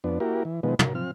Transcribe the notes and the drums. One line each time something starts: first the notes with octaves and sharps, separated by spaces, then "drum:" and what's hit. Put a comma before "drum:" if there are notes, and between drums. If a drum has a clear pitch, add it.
F2 B3 D4
A#3 E4 F#4 G4 A#4
E3
B2 D#3 F3 G#3 B3
F#3 A#4, drum: tom
F3 C4 F6